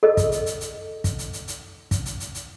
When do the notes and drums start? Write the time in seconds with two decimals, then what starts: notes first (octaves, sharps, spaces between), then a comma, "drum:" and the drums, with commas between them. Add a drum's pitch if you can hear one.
0.03 A4 D#5
0.17 drum: kick, hi-hat
0.32 drum: hi-hat
0.46 drum: hi-hat
0.61 drum: hi-hat
1.04 drum: kick, hi-hat
1.19 drum: hi-hat
1.33 drum: hi-hat
1.48 drum: hi-hat
1.91 drum: kick, hi-hat
2.06 drum: hi-hat
2.20 drum: hi-hat
2.35 drum: hi-hat